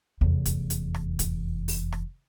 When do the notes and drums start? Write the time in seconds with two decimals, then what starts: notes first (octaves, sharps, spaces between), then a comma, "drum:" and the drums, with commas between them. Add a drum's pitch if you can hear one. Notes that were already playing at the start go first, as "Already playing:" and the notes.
0.21 F1 E2
0.46 drum: kick, hi-hat
0.70 drum: hi-hat
0.94 drum: rim click
1.19 drum: kick, hi-hat
1.68 drum: open hi-hat
1.92 drum: rim click